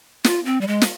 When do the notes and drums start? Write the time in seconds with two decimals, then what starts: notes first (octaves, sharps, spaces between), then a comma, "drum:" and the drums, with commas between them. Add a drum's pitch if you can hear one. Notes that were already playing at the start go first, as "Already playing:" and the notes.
0.24 F4, drum: snare
0.45 C4
0.61 G3
0.67 G#3
0.81 drum: snare